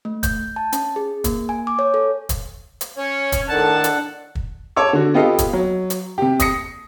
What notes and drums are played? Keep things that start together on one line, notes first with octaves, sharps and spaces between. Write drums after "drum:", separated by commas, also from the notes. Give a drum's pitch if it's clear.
A3
G6, drum: kick, hi-hat
A5
C#4, drum: hi-hat
G#4
A#3, drum: kick, hi-hat
G#5
D6
C#5
A4
drum: kick, hi-hat
drum: hi-hat
C#4 C#5
drum: kick, hi-hat
A2 D#3 D4 A4 F#5 A5
drum: hi-hat
drum: kick
C#5 A5 D6 E6
D3 F#4
B3 F4 G4 A4 D#5 F5
drum: kick, hi-hat
F#3
drum: hi-hat
C3 G4
D#6 A#6 C#7, drum: kick, hi-hat